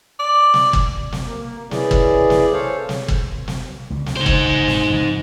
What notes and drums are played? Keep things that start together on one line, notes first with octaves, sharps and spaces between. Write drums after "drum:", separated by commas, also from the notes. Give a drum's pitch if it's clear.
D5
drum: snare
drum: kick
drum: snare
A#3
E3 C#4 E4 G#4 D5, drum: snare
drum: kick
drum: snare
A4 C5 C#5 F5
drum: snare
drum: kick
drum: snare
C#2 D3
drum: snare
D#4 C5
drum: kick
G#2, drum: snare
F2 C#3 F3